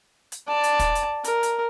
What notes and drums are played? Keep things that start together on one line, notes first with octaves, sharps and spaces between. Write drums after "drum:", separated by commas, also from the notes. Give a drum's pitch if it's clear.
drum: hi-hat
D5 A5
drum: hi-hat
drum: kick, hi-hat
drum: hi-hat
A#4, drum: hi-hat
drum: hi-hat